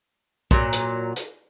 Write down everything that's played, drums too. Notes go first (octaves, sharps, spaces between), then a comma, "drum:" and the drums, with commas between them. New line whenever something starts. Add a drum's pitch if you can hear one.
A#2 F#3, drum: kick
drum: hi-hat
drum: hi-hat